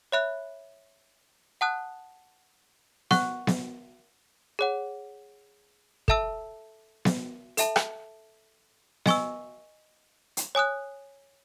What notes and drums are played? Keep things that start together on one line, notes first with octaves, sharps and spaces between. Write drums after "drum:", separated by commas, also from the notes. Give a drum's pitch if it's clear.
C#5 E5 B5 F#6
F#5 A5 D#6 F#6
F#5 C#6 F#6, drum: snare B3
drum: snare B3
G#4 C#5 F#5
A4 E5 A5 E6, drum: kick
drum: snare B3
A4 E5 A5, drum: hi-hat
drum: rim click
D#5 G#5 C#6 E6, drum: snare B3
drum: hi-hat
C#5 G#5 D#6 F#6